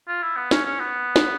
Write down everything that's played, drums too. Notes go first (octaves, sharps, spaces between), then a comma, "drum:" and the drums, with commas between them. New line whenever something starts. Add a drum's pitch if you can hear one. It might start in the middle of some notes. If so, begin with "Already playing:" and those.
F4
E4
B3
C#4, drum: snare
C#4
B3
drum: snare